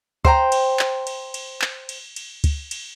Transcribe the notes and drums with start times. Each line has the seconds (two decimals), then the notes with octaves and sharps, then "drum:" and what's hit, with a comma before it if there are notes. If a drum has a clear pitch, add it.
0.25 C5 G5 A#5, drum: kick
0.52 drum: cymbal
0.79 drum: clap
1.07 drum: cymbal
1.34 drum: cymbal
1.62 drum: clap
1.89 drum: cymbal
2.16 drum: cymbal
2.44 drum: kick, cymbal
2.71 drum: cymbal